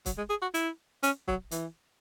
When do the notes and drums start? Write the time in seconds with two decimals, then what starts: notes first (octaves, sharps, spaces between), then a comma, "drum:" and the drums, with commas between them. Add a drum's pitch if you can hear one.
0.06 F#3, drum: kick, hi-hat
0.17 G#3
0.30 G#4
0.42 F#4
0.54 E4, drum: hi-hat
1.03 C#4, drum: hi-hat
1.28 F#3, drum: kick
1.51 E3, drum: hi-hat